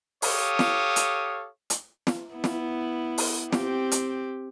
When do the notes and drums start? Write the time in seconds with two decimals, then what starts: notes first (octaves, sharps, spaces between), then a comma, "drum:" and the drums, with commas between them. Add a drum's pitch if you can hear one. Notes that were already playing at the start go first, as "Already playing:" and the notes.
0.22 G4 A4 C#5 F5 D#6, drum: open hi-hat
0.59 drum: snare
0.96 drum: hi-hat
1.70 drum: hi-hat
2.07 drum: snare
2.34 B3 E4
2.44 drum: snare
3.18 drum: open hi-hat
3.52 C4 G4, drum: snare
3.92 drum: hi-hat